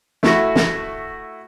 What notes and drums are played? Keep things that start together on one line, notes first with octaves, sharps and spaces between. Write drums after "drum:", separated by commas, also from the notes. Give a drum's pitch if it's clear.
A3 E4 F#4, drum: snare
drum: snare